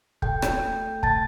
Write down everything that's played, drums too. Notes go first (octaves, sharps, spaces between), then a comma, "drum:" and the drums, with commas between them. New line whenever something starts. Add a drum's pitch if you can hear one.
A4 G5 G6, drum: kick
drum: rim click
A3
A3 A5 A6, drum: kick